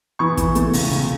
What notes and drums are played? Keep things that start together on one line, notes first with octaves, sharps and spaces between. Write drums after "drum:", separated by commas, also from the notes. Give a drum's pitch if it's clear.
E3 C#6
E3, drum: kick, hi-hat
A3, drum: hi-hat
C#2, drum: open hi-hat
C#2